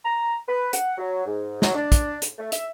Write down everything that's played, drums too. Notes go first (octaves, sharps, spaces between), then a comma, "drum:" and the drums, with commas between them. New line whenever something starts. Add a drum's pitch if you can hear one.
A#5
B4
F#5, drum: hi-hat
F#3
G#2
F#3, drum: snare
D4
drum: kick, hi-hat
drum: hi-hat
A3
E5, drum: hi-hat